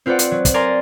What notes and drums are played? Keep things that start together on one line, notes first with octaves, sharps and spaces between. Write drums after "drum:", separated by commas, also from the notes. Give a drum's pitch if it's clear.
C4 F4 B4 C5 D5 F#5
drum: hi-hat
F#3
drum: kick, hi-hat
A#4 D5 G#5 A#5 C6 A6